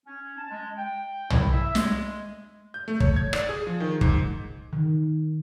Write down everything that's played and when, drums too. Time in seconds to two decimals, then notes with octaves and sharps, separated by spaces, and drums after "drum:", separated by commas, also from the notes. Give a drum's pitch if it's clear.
0.06 C#4
0.37 A5
0.51 G#3
0.78 G5
1.30 E4, drum: tom
1.53 E5
1.75 G#3, drum: snare
2.74 G6
2.88 A3
3.00 C#5, drum: kick
3.16 G#6
3.33 D5, drum: rim click
3.49 G#4
3.67 F3
3.80 D#3
4.01 G#2, drum: kick
4.73 D#3